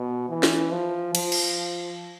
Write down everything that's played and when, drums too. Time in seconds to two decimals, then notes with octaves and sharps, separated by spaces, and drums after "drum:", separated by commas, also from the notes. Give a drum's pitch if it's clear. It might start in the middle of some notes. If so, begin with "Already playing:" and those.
Already playing: B2
0.29 E3
0.43 drum: snare
0.71 F3
1.15 F3, drum: cymbal
1.32 drum: cymbal